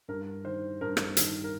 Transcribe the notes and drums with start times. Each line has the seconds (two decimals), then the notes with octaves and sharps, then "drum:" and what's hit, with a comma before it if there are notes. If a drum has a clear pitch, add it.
0.08 G2 A#4
0.44 D#3 C5
0.81 G2 A#4
0.97 drum: rim click
1.17 D#3, drum: hi-hat
1.44 A#4